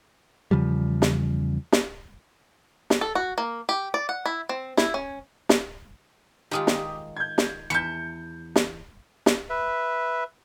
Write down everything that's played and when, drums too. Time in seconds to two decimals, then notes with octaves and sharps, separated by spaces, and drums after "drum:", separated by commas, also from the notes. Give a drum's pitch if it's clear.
0.51 E2 C#3 F3 G3
1.02 drum: snare
1.72 drum: snare
2.90 drum: snare
3.01 A4
3.15 F#4
3.38 A#3
3.69 G4
3.94 D5
4.09 F#5
4.26 E4
4.49 C4
4.77 E4, drum: snare
4.94 C#4
5.49 drum: snare
6.51 D#3 G#3 F4 G4 D#6
6.67 drum: snare
7.17 G6 G#6
7.38 drum: snare
7.70 E2 E5 A5 G6 C#7
8.56 drum: snare
9.26 drum: snare
9.50 B4 E5